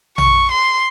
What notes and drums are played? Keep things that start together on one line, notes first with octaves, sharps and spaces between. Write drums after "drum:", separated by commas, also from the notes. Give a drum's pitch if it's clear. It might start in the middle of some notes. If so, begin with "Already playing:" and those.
C#6, drum: tom A#1
C6